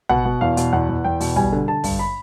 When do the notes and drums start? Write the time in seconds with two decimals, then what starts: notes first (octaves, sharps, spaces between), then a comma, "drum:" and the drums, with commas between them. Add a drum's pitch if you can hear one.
0.09 B2 F#5, drum: tom
0.25 B2
0.41 E2 F5
0.57 B2, drum: hi-hat
0.73 E2 F#5
0.89 E2
1.04 E2 G5
1.20 B2, drum: open hi-hat
1.36 G3 G#5, drum: kick
1.52 D3
1.68 D3 A5
1.84 G2, drum: kick, open hi-hat
1.99 B5